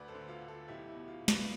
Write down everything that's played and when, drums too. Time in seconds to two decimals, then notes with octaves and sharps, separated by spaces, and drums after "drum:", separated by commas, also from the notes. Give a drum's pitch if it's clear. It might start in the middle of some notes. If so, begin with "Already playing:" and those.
Already playing: D2 B4 D5
0.08 A4 C5
0.15 D3
0.28 F4 A4
0.41 D2
0.48 F4 A4
0.68 B1 E4 G4
0.88 E4
0.95 B2
1.08 F4
1.21 B2
1.28 B4 D5, drum: snare